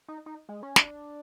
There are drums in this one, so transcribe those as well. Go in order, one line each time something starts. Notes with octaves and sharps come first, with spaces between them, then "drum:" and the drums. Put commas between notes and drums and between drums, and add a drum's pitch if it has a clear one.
D#4
D#4
G#3
C#4
D4, drum: snare